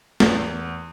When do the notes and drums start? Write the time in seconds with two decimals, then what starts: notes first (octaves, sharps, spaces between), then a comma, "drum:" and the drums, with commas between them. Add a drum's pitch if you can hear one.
0.20 E2, drum: snare